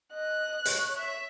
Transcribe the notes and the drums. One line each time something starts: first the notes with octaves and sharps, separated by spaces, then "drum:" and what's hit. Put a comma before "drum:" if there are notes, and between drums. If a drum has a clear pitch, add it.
D#5 F#6
C#5, drum: hi-hat
E5